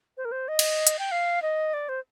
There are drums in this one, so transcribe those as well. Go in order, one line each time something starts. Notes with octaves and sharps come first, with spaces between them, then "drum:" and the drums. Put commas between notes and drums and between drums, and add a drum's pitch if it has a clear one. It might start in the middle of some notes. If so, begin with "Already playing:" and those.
C5
A#4
C5
D#5
drum: cymbal
drum: hi-hat
G5
F5
D#5
D5
C5